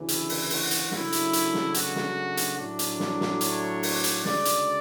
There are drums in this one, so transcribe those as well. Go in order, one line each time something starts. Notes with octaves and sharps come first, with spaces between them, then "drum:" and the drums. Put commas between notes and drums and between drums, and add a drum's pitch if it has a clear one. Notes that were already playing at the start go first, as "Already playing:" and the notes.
Already playing: D2 C#3 E3
E4, drum: hi-hat
drum: open hi-hat
F#4, drum: open hi-hat
drum: hi-hat
C#3 F#3 A3 D4 E4, drum: snare
drum: hi-hat
drum: hi-hat
drum: snare
F#4, drum: hi-hat
drum: snare
drum: hi-hat
A2 F#3 A3 D4
drum: hi-hat
drum: snare
drum: snare
C#5, drum: hi-hat
drum: open hi-hat
drum: hi-hat
D2 C#3 G#3 D4 D5, drum: snare
drum: hi-hat